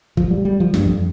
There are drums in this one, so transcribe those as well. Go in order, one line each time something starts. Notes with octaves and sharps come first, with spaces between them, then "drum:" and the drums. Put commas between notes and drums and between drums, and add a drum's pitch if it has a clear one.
F3, drum: kick
G3
G3
F3
G2, drum: snare
F2